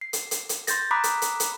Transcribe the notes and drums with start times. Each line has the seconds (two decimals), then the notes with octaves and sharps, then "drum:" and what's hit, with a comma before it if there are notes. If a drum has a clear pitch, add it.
0.01 C7
0.13 drum: hi-hat
0.31 drum: hi-hat
0.49 drum: hi-hat
0.67 C6 G6 A6 A#6, drum: hi-hat
0.91 A#5 B5 D6 D#6 F#6 B6
1.04 drum: hi-hat
1.22 drum: hi-hat
1.40 drum: hi-hat